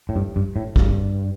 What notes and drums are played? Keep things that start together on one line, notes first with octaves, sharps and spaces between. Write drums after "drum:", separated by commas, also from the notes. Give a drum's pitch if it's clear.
A2
G2
G2
A2
G2, drum: kick